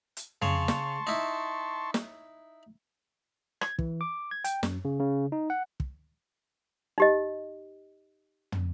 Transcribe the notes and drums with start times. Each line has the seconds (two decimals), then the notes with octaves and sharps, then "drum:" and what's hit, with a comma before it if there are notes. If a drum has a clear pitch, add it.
0.17 drum: hi-hat
0.42 C#3 C#5 A5 C6 C#6, drum: tom
0.68 drum: snare
1.07 D#4 E4
1.94 drum: snare
3.61 G#6, drum: rim click
3.79 E3, drum: kick
4.01 D6
4.31 G#6
4.44 G5, drum: hi-hat
4.63 F#2, drum: snare
4.85 C#3
5.00 C#3
5.32 D#4
5.50 F#5
5.80 drum: kick
6.98 D#4 G4 D#5
8.52 drum: tom